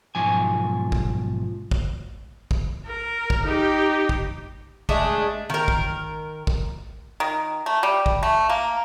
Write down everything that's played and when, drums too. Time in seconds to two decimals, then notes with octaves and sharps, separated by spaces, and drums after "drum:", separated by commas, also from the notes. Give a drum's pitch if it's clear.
0.15 B1 G#2 F3 G#5
0.92 drum: kick
1.71 drum: kick
2.51 drum: kick
2.86 A#4
3.30 drum: kick
3.43 D#4 G4
4.09 drum: kick
4.89 G#3 A3 D4, drum: kick
5.50 D#3 A#4
5.68 drum: kick
6.47 drum: kick
7.20 D#3
7.66 A3
7.83 G3
8.06 drum: kick
8.23 A3
8.49 A#3